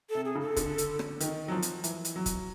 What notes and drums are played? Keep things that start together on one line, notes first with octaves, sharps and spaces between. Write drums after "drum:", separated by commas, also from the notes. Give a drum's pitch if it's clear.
C3 A4
G#4
C#3
A4
D3, drum: kick, hi-hat
drum: hi-hat
drum: rim click
D#3, drum: hi-hat
F#3
F3
drum: hi-hat
E3, drum: hi-hat
drum: hi-hat
F#3
drum: kick, hi-hat